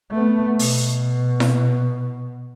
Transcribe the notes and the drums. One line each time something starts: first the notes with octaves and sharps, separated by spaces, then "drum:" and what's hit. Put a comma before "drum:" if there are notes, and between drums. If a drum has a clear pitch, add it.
A3 B3
B2, drum: open hi-hat
drum: snare E4